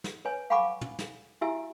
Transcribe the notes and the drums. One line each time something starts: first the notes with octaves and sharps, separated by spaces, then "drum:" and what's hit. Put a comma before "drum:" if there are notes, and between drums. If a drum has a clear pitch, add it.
drum: snare
B4 C#5 G#5
F5 F#5 G#5 B5 C#6 D6
drum: tom
drum: snare
E4 F#4 G4 E5 G#5 E6